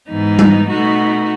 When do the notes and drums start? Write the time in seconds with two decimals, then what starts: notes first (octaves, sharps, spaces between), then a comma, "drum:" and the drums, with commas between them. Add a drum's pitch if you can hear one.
0.08 G#2 E3 B3 D#4
0.39 drum: tom G3
0.68 B2 A3 D#4 F#4